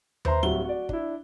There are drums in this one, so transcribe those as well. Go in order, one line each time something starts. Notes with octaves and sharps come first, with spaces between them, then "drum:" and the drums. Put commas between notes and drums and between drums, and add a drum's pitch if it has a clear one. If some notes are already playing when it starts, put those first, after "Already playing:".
B4 C5 E5 A#5 C6, drum: tom D#2
D1 F#3 G3 F#4 E5 G7
F#4 D5
D4 E4, drum: kick